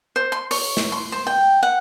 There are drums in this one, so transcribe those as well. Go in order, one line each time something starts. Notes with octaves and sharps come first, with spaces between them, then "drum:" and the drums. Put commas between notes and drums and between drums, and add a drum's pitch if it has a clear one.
C5
C6
C#5, drum: open hi-hat
drum: snare
C6
C5
G5
F#5